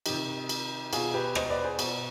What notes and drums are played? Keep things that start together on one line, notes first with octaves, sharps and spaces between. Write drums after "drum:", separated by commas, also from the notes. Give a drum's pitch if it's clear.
C3 D#3 D#4 G4, drum: cymbal
drum: cymbal
B2 F4 G#4, drum: cymbal
G4 B4
C5 D#5, drum: rim click
B4 D5
G#4 C5
B2, drum: cymbal